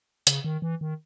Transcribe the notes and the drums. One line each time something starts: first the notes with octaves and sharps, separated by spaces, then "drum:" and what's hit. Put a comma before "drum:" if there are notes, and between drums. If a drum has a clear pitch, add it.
C#3, drum: hi-hat
D#3
E3
D#3